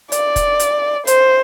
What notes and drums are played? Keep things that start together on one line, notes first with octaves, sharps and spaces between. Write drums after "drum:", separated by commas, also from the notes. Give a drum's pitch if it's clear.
D5, drum: hi-hat
drum: kick, hi-hat
drum: hi-hat
C5, drum: hi-hat